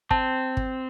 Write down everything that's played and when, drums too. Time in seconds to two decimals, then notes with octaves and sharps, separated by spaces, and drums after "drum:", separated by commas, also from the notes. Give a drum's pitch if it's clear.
0.11 C4 A5, drum: kick
0.57 drum: kick